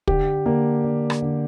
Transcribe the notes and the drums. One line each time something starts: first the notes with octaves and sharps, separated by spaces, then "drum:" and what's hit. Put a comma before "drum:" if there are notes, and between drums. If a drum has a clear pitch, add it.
D3 G4, drum: kick
D3 A#3
D3
drum: rim click
D3